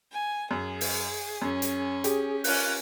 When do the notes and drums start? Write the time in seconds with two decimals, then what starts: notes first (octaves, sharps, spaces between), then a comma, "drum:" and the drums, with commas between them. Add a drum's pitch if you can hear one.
0.11 G#5
0.51 F#2 G#4
0.81 drum: open hi-hat
1.42 F#2 C#4
1.62 drum: hi-hat
2.04 G4 G#4, drum: hi-hat
2.44 C#4 F4 A#4 F#6, drum: open hi-hat